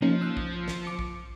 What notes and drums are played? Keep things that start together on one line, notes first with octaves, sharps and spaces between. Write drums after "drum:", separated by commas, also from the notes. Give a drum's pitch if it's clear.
F3 A#3 C#4 D#4
E6 F#6
drum: kick
drum: snare
D6 C#7
drum: kick